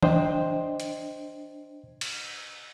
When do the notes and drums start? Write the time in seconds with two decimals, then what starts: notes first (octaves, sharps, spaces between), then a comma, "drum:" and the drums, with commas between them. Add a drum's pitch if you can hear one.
0.03 D4 C5 D#5 G5, drum: tom E3
0.80 drum: hi-hat
2.01 drum: cymbal